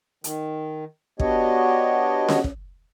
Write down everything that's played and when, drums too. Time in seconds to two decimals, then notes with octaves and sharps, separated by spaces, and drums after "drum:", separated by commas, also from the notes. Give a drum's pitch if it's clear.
0.24 D#3, drum: hi-hat
1.20 B3 D4 F#4 G4 C#5 D#5, drum: kick
2.28 drum: snare C#4
2.44 drum: kick